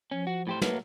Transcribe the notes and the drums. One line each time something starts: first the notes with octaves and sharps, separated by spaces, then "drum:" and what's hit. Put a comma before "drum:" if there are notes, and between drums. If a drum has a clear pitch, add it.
F3 C#4
F#4
A2 G4 C5
F#3 A3 A#3 B4, drum: snare